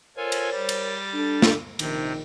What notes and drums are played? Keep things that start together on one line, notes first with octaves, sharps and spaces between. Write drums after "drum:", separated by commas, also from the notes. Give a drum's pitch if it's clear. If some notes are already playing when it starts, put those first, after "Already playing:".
F4 A4 A#4 C5 C#5 G#5
drum: cymbal
G3 A6
drum: cymbal
D4 A4
drum: snare
A#1 C3 D#3 C4, drum: cymbal